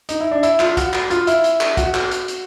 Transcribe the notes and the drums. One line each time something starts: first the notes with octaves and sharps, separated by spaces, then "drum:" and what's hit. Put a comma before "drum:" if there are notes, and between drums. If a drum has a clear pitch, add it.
D#4, drum: hi-hat
E4
D4
E4, drum: hi-hat
F4, drum: clap
F#4, drum: kick, hi-hat
drum: clap
F4, drum: hi-hat
E4, drum: hi-hat
drum: hi-hat
drum: clap
F#4, drum: kick, hi-hat
drum: clap
drum: hi-hat
drum: hi-hat